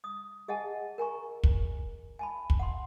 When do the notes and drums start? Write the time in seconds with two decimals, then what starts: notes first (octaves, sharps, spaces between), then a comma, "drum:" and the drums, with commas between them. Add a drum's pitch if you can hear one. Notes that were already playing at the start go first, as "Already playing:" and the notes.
0.04 D#6
0.48 G#4 D#5 F#5 G#5 A5
0.98 A#4 G#5 A#5 C#6
1.44 drum: kick
2.19 G#5 A5 B5
2.50 drum: kick
2.59 F#5 C6